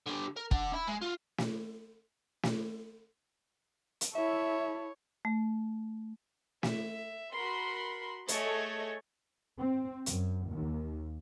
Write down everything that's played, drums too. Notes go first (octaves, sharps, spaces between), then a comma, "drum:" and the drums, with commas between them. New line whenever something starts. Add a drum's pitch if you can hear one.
D3 G4
A#4
D4 F#5, drum: kick
E4
G#3
F4
drum: snare
drum: snare
drum: hi-hat
E4 A4 C#5 E5
A3
E5, drum: snare
F#4 A#4 B5 C6
A3 G#4 A4 C#5 D#5, drum: hi-hat
C4
F#2, drum: hi-hat
D#2